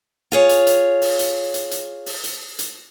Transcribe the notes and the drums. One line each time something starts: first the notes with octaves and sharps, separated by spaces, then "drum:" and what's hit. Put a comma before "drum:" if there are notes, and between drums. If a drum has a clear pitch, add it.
F4 G#4 C#5
drum: hi-hat
drum: hi-hat
drum: open hi-hat
drum: hi-hat
drum: hi-hat
drum: hi-hat
drum: open hi-hat
drum: hi-hat
drum: hi-hat